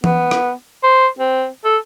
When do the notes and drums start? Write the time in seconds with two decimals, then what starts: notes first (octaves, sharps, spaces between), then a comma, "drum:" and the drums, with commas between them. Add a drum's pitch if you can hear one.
0.04 B3, drum: tom E3
0.31 drum: rim click
0.83 C5
1.19 C4
1.65 A4